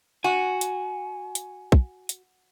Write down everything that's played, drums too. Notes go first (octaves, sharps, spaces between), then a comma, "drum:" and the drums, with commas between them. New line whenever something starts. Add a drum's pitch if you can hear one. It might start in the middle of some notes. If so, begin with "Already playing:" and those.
F#4 G#5
drum: hi-hat
drum: hi-hat
drum: kick
drum: hi-hat